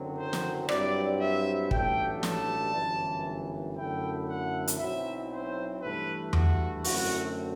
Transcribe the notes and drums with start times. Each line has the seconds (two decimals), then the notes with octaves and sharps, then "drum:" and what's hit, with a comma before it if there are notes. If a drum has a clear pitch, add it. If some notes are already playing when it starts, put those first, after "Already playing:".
Already playing: F#1 F#2 D3 F#3 C4
0.17 C5
0.33 drum: snare
0.69 G2 F#3 C4 E4 D5, drum: rim click
1.20 E5
1.71 A1 G2 F#3 A3 D4 G5, drum: kick
2.23 A5, drum: snare
2.74 G1 F#2 E3
3.76 F#2 D3 A3 E4 G5
4.28 F#5
4.68 drum: hi-hat
4.79 B1 B2 F#3 C4 E4 E5
5.31 C5
5.81 G2 E3 A3 E4 B4
6.33 F#4, drum: tom E2
6.84 F#2 D3 A3 C4 E4 F#4, drum: open hi-hat